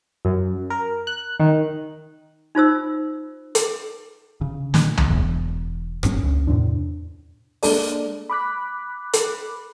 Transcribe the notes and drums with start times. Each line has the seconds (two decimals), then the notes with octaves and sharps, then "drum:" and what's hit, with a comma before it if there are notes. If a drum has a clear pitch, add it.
0.25 F#2
0.70 A#4
1.07 F#6
1.40 D#3
2.55 D#4 F4 C5 E6
3.55 drum: hi-hat
4.41 C#3
4.74 A#2, drum: snare
4.97 drum: tom
5.10 E1 E2
6.03 G1 F#2 A#2 C#4, drum: rim click
6.23 C#2
6.47 E2 A2 C3 D4
7.63 G#3 A#3 D4 A4 D5, drum: open hi-hat
8.30 B5 D6 F#6 B6
9.13 drum: hi-hat